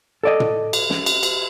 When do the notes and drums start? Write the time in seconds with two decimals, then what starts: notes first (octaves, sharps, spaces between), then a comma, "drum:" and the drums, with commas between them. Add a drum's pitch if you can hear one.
0.23 A4 D5 D#5
0.40 drum: tom
0.73 drum: cymbal
0.90 drum: snare
1.06 drum: cymbal
1.23 drum: cymbal